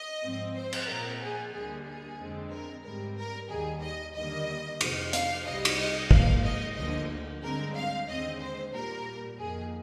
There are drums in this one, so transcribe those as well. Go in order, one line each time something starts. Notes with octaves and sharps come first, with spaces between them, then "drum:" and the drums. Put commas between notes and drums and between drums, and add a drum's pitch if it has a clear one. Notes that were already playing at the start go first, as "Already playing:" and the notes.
Already playing: D#5
G#2 F3 C4
C5
drum: cymbal
A#2 F3 C4 A#4
G#4
D2 D3 G3 A#3 G#4
G#4
F2 D3 G#3 C4
A#4
G#2 G3 C4 A#4
A#4
D#2 D#3 G3 G#4
D#5
D#2 D3 G3 A#3 D#5
F2 C3 F3, drum: cymbal
F5, drum: hi-hat
C2 C3 G3 D#5
drum: cymbal
D#5
G#2 F3 A#3 F5, drum: kick
D#5
D2 D3 F3 A#3 D#5
G2 D3 G#3 C4 A#4
F5
D#2 D3 G#3 C4 D#5
C5
A#2 G3 A#3 A#4
F2 D#3 A#3 G#4